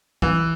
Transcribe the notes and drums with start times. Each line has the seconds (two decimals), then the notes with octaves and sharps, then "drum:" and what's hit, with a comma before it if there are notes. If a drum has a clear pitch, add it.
0.22 E3, drum: kick